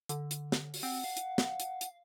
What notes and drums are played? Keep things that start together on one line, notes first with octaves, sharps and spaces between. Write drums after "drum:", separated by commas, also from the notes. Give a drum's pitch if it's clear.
D3, drum: hi-hat
drum: hi-hat
drum: snare
drum: open hi-hat
C4 F#5
F5
drum: hi-hat
drum: snare
drum: hi-hat
drum: hi-hat